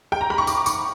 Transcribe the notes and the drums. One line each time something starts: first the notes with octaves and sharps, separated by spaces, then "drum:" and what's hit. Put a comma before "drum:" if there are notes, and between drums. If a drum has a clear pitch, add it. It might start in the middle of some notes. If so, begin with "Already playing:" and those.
G5, drum: rim click
A#5
B5, drum: rim click
C#6
D6, drum: tambourine
C#6, drum: tambourine